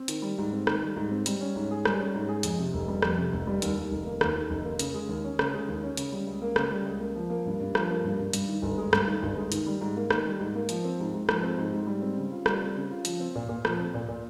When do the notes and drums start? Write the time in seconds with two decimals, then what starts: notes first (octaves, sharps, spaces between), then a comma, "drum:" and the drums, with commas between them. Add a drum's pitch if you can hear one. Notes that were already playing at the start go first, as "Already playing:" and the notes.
Already playing: C4
0.08 D#3, drum: hi-hat
0.22 G3
0.38 G#2
0.52 C4
0.67 D#3, drum: rim click
0.82 G3
0.96 G#2
1.11 C4
1.26 G3, drum: hi-hat
1.41 C#4
1.55 G#2
1.71 G#4
1.85 G3, drum: rim click
2.00 C#4
2.14 G#2
2.28 G#4
2.43 F2, drum: hi-hat
2.59 C3
2.73 F1
2.88 G3
3.02 F2, drum: rim click
3.18 C3
3.33 F1
3.47 G3
3.62 D#2, drum: hi-hat
3.77 D#3
3.91 F1
4.06 A#3
4.21 D#2, drum: rim click
4.35 D#3
4.50 F1
4.65 A#3
4.79 C#3, drum: hi-hat
4.94 G#3
5.09 D#2
5.24 C#4
5.39 C#3, drum: rim click
5.54 G#3
5.68 D#2
5.83 C#4
5.97 C#3, drum: hi-hat
6.12 G3
6.27 C#2
6.42 A#3
6.56 C#3, drum: rim click
6.71 G3
6.86 C#2
7.01 A#3
7.15 F3
7.30 A#3
7.46 G2
7.60 G2
7.75 F3, drum: rim click
7.89 A#3
8.04 G2
8.19 G2
8.33 G2, drum: hi-hat
8.49 D#3
8.62 G1
8.78 G#3
8.93 G2, drum: rim click
9.07 D#3
9.23 G1
9.37 G#3
9.52 D#3, drum: hi-hat
9.66 G3
9.81 G#2
9.96 A#3
10.11 D#3, drum: rim click
10.25 G3
10.40 G#2
10.55 A#3
10.69 F3, drum: hi-hat
10.84 C4
11.00 G#2
11.13 G#2
11.29 F3, drum: rim click
11.43 C4
11.58 G#2
11.73 G#2
11.87 G3
12.02 C4
12.17 C#3
12.32 F4
12.46 G3, drum: rim click
12.61 C4
12.76 C#3
12.91 F4
13.05 F3, drum: hi-hat
13.20 C4
13.35 A#2
13.49 A#2
13.65 F3, drum: rim click
13.80 C4
13.94 A#2
14.08 A#2